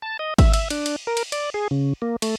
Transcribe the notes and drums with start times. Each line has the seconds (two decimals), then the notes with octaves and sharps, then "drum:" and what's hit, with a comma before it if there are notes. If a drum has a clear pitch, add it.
0.02 A5
0.19 D#5
0.38 E5, drum: kick G#1, cymbal
0.54 E5, drum: cymbal
0.70 D4, drum: cymbal
0.86 drum: cymbal
1.07 A#4
1.17 drum: cymbal
1.32 D5, drum: cymbal
1.54 G#4
1.71 C#3
2.02 A#3
2.22 A3, drum: cymbal